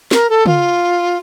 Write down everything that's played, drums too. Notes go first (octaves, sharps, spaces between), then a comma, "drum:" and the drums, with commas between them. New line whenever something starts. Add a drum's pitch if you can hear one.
A#4, drum: snare
A4
F4, drum: tom